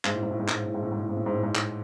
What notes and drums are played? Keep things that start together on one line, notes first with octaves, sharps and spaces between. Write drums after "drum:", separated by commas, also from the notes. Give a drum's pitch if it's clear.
G#2, drum: clap
A2
G#2
A2
G#2
A2, drum: clap
G#2
A2
G#2
A2
G#2
A2
G#2
A2
G#2
A2
G#2
drum: clap